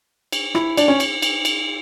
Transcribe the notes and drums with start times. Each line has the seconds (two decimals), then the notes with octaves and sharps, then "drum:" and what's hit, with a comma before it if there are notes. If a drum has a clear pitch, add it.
0.32 drum: cymbal
0.55 E4, drum: rim click
0.77 D4, drum: cymbal
0.88 C#4
1.00 drum: cymbal
1.22 drum: cymbal
1.45 drum: cymbal